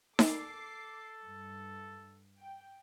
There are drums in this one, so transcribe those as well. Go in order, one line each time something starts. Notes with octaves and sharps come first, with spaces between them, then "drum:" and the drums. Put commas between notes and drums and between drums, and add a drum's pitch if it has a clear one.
A4 D6 C7, drum: snare D#4
G2
G5